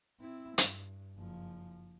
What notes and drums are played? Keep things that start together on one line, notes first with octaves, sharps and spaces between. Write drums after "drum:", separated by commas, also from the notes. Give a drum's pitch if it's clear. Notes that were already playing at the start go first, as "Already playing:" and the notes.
C4 E4
G2, drum: hi-hat
F#1 F3